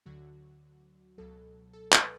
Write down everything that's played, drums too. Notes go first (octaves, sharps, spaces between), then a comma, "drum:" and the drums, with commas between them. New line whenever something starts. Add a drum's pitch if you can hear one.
D2 D3 F#3 F#4
C#2 B2 F#3 A4
A4
B4, drum: clap